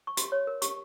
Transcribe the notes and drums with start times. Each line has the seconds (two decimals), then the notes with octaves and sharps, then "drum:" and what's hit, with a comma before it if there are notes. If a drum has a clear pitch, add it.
0.07 C#6
0.17 G4 C6, drum: hi-hat
0.32 C#5
0.47 A#4
0.62 G4 C#6, drum: hi-hat